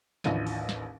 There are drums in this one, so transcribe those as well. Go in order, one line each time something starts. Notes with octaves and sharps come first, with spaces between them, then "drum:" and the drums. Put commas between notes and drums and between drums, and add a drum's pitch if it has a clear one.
A1 D#2 F3 D4 E4 D#7, drum: snare
drum: open hi-hat
drum: snare